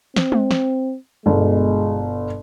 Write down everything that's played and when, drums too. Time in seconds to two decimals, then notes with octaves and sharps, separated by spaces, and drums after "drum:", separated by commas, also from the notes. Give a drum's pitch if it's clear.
0.16 C4, drum: snare
0.32 drum: tom G#3
0.51 drum: snare
1.26 G1 B2 G#3